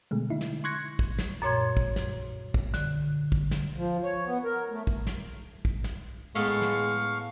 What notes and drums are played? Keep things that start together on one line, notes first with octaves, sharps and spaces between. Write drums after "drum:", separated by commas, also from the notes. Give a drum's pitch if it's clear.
B2 D3 G#3 A3
D3 D#4 E4
drum: snare
C6 C#6 F#6 G#6 A#6 C#7
drum: kick
drum: snare
F#2 A#2 C#5 C6 G#6
drum: kick
drum: snare
drum: kick
D3, drum: snare
drum: kick
drum: snare
F3
C#5
B3
A#4
A3
drum: kick
drum: snare
drum: kick
drum: snare
A2 G#3 B3 A4 F5 C#6
drum: snare